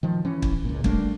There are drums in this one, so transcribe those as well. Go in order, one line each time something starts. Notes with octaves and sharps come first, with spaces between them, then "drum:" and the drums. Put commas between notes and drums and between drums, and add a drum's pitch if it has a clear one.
D#3 F3
E3 C#4
drum: kick
C#2 A#2
G3 A3 A#3 D4, drum: kick